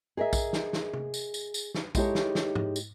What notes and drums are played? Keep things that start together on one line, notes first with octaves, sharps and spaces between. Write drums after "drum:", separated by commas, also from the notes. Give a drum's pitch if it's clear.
G#4 A#4 D#5 E5
drum: kick A#1, tambourine
drum: snare
drum: snare
drum: tom C3
drum: tambourine
drum: tambourine
drum: tambourine
drum: snare
G#3 D#4 E4 G4 A4 C#5, drum: kick A#1, tambourine
drum: snare
drum: snare
drum: tom
drum: tambourine